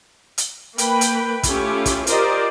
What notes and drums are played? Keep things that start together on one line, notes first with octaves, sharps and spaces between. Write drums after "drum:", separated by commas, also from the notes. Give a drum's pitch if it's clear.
drum: hi-hat
A#3 B4 G5 B5, drum: hi-hat
drum: hi-hat
A3 C#4 E4 F4 G4, drum: kick, hi-hat
drum: kick, hi-hat
F4 G4 A#4 C5 D5 D#5, drum: hi-hat